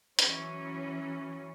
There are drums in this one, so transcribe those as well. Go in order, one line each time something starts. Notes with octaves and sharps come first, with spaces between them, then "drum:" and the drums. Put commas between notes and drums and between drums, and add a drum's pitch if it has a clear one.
E3 F#3 C#4, drum: hi-hat